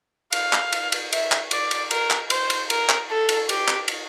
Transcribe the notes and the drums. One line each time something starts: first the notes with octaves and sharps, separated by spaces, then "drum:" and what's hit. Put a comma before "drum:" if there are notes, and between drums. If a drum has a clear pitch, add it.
F5, drum: cymbal
drum: clap
drum: cymbal
drum: cymbal
E5, drum: cymbal
drum: clap
D5, drum: cymbal
drum: cymbal
A#4, drum: cymbal
drum: clap
C5, drum: cymbal
drum: cymbal
A#4, drum: cymbal
drum: clap
A4
drum: cymbal
G4, drum: cymbal
drum: clap
drum: cymbal